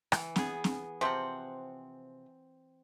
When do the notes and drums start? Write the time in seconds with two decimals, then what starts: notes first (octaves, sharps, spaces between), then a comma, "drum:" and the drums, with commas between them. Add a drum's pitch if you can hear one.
0.12 E3, drum: rim click
0.36 B3 G#4, drum: snare C4
0.64 drum: snare C4
1.01 C3 F3 C4 F#5